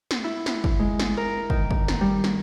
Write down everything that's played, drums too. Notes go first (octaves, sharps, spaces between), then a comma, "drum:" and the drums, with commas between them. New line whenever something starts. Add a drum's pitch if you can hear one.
drum: snare
E4
drum: snare
drum: kick
G#3
drum: snare
A#4
D#3, drum: kick
drum: kick
drum: snare
G3
drum: snare